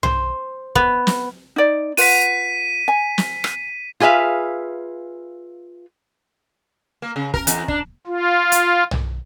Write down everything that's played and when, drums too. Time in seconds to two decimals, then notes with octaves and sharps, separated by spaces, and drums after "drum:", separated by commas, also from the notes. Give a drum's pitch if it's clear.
0.03 C5, drum: tom B1
0.75 B3, drum: kick
1.07 drum: snare
1.56 D#4 D5
1.97 F4 B4 F#5 B6 D#7, drum: open hi-hat
2.88 G#5
3.18 drum: snare
3.44 drum: rim click
4.00 F4 G#4 B4 E5 F5
7.02 A#3
7.16 C#3
7.34 A#4, drum: kick
7.47 E2, drum: hi-hat
7.68 D4, drum: kick
8.07 F4
8.52 drum: hi-hat
8.91 drum: tom B1